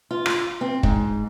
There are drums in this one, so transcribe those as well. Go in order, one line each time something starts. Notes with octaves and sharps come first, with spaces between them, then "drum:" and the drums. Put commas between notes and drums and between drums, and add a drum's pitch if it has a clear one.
F4
drum: rim click
C4
G#2, drum: kick